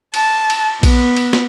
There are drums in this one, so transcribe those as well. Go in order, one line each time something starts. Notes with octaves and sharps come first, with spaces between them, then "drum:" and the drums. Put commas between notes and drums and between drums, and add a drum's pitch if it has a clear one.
A5, drum: cymbal
drum: cymbal
B3, drum: kick A#1, cymbal
drum: cymbal
drum: snare